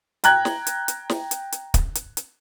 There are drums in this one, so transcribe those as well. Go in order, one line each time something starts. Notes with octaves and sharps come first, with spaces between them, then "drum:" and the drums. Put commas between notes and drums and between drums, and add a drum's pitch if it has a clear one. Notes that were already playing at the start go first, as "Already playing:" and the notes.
G5 A#5 F#6 G#6, drum: hi-hat
drum: snare
drum: hi-hat
drum: hi-hat
drum: snare
drum: hi-hat
drum: hi-hat
drum: kick, hi-hat
drum: hi-hat
drum: hi-hat